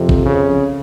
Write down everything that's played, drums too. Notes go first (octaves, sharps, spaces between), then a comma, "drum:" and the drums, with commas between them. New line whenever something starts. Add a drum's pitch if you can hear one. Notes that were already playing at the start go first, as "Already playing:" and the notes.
Already playing: F2 C3
drum: kick
C#3